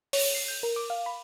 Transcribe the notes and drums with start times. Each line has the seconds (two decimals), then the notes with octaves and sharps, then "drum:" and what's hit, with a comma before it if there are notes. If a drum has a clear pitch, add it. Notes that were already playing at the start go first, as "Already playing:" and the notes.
0.13 C#5, drum: open hi-hat
0.35 C7
0.48 G6
0.63 A#4
0.76 D6
0.90 F5
1.06 B5